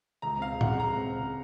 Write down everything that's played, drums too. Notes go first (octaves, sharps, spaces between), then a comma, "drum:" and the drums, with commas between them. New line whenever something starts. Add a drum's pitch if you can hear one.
C#2 A#5
C4 F5
C#3
F#5, drum: tom
G#3
C#2 A#5
C4
C#3
G#3